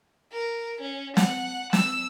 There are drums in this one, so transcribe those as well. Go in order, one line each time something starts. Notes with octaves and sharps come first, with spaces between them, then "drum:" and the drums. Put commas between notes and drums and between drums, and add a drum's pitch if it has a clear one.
A#4
C#4
F#5, drum: snare
E6, drum: snare